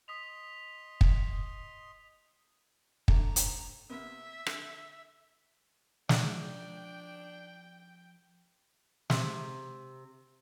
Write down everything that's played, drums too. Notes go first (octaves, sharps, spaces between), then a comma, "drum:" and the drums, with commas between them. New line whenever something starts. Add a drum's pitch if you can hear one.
D#5 C6 D#6 B6 F7
drum: kick
D3 A3 D4 A#5, drum: kick
drum: hi-hat
C3 A#3 B3 E5
D3, drum: rim click
F3 D4 A#4 D5 F#5 G5, drum: snare
C3, drum: snare